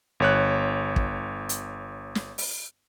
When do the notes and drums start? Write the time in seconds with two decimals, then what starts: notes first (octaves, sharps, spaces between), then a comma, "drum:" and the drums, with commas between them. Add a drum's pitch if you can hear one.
0.20 G1 C#5 F#6
0.96 drum: kick
1.49 drum: hi-hat
2.15 drum: snare
2.38 drum: open hi-hat